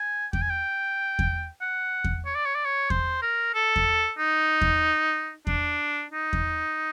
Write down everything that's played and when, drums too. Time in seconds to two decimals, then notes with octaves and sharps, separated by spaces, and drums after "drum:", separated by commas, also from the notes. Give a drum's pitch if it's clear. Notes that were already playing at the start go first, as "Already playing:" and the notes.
Already playing: G#5
0.33 G5, drum: kick E2
0.42 G#5
0.50 G5
1.19 drum: kick E2
1.61 F#5
2.04 drum: kick E2
2.26 C#5
2.35 D5
2.46 C#5
2.55 D5
2.65 C#5
2.90 C5, drum: kick E2
3.22 A#4
3.55 A4
3.76 drum: kick E2
4.19 D#4
4.61 drum: kick E2
5.47 D4, drum: kick E2
6.12 D#4
6.33 drum: kick E2